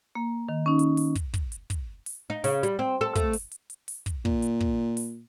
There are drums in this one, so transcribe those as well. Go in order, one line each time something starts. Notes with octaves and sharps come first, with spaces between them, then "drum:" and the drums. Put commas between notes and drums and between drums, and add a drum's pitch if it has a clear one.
A#3
D#3
C#4 D#4
drum: hi-hat
drum: open hi-hat
drum: kick, hi-hat
drum: kick, hi-hat
drum: hi-hat
drum: kick, hi-hat
drum: open hi-hat
D#4
C#3, drum: open hi-hat
G3, drum: hi-hat
C4
A4
A3, drum: kick, hi-hat
drum: open hi-hat
drum: hi-hat
drum: hi-hat
drum: open hi-hat
drum: kick, hi-hat
A#2, drum: kick
drum: hi-hat
drum: kick
drum: open hi-hat